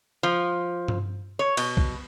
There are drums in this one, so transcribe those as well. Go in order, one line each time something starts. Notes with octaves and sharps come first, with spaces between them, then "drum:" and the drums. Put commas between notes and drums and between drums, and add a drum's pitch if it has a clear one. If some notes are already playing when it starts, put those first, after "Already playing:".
F3
drum: tom G2
C#5
B2, drum: cymbal
drum: kick